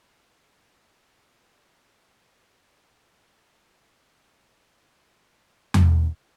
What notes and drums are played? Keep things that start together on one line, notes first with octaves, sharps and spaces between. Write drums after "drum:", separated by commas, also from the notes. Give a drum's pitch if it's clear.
D#5 F#6
F5
A#6
G#5
B5
D3
B1
D#3
G#5
C3
C4
F#5
drum: tom E2